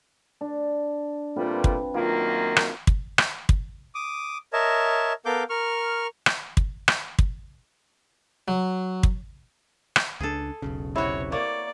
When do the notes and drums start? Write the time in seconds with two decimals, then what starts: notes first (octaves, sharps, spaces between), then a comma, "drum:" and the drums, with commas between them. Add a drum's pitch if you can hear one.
0.41 D4
1.36 A#2 G3 A3 C4 F4 B4
1.64 drum: kick
1.94 F#2 D#3 A#3 F4
2.56 drum: rim click
2.87 drum: kick
3.18 drum: rim click
3.49 drum: kick
3.95 D6 D#6
4.53 A#4 C#5 D#5 E5 A5
5.26 B3 A4 A#4 F5 D6 G6
5.50 A#4 C#6 F6
6.26 drum: rim click
6.57 drum: kick
6.88 drum: rim click
7.19 drum: kick
8.48 F#3
9.03 drum: kick
9.96 drum: rim click
10.20 C#2 D4 G#4 A4
10.62 E1 B1 C#3
10.96 C3 E4 F#4 C#5
11.32 A#3 C#5 D5